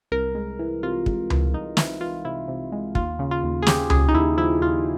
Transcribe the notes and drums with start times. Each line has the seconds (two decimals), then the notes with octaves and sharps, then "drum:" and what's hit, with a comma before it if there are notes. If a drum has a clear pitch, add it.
0.12 C2 A#4
0.35 G#3
0.59 E3
0.83 C3 F4
1.06 G#3, drum: kick
1.30 E3, drum: tom C#2
1.53 C2 D#4
1.77 E3 E4, drum: snare
2.01 E3 F4
2.25 C3 E4
2.48 C3
2.72 G#3
2.95 D#2 F4, drum: kick
3.19 C#3
3.31 F4
3.44 D#2
3.62 G#4
3.67 C#3 G4, drum: snare
3.90 C#3 G#4, drum: tom C#2
4.09 D#4
4.14 D#2 E4
4.37 F3 E4
4.61 D#2 F4